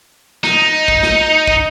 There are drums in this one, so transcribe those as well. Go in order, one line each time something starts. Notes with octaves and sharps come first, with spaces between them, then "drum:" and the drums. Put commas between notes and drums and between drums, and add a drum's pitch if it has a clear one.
D#4, drum: snare
drum: kick
drum: snare
drum: kick